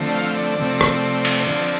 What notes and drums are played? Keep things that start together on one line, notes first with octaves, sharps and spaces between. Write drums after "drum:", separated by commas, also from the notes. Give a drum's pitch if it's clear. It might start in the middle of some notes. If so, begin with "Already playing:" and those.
Already playing: D3 F3 A3 C4
D5
F5
D5
C3 F3 A3 C4
drum: rim click
drum: cymbal
D3 F3 C4